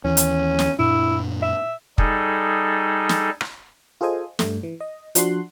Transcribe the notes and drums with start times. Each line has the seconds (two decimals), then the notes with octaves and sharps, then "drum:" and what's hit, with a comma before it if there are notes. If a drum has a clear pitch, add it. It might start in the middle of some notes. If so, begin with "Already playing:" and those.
0.05 D#2 E3 C#4
0.17 drum: hi-hat
0.59 drum: snare
0.79 F#2 A#2 D4 E4
1.42 E5
1.98 G3 D#4 G#4 A4, drum: kick
3.09 drum: snare
3.41 drum: rim click
4.01 F4 G#4 A4 C5 D#5 G#5
4.39 G2 A3, drum: snare
4.63 E3
4.80 D#5
5.15 F3 D4 F#4 C6 F#6, drum: hi-hat